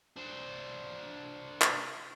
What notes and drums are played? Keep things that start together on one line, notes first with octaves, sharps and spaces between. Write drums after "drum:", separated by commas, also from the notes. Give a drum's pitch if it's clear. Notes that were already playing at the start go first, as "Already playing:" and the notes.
D4 C5
drum: clap